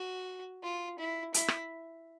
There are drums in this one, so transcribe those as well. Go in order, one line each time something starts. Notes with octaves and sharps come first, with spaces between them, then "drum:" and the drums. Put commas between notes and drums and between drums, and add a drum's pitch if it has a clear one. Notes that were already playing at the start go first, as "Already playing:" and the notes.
Already playing: F#4
F4
E4
E4, drum: hi-hat
drum: rim click